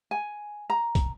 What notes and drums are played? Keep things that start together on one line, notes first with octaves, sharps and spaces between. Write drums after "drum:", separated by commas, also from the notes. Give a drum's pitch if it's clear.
G#5
A#5
drum: kick, hi-hat